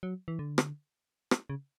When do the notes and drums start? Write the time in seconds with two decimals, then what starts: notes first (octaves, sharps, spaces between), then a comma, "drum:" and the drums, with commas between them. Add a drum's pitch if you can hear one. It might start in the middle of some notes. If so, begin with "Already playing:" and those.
0.03 F#3
0.28 E3
0.39 D3
0.58 drum: rim click
1.31 drum: rim click
1.50 C#3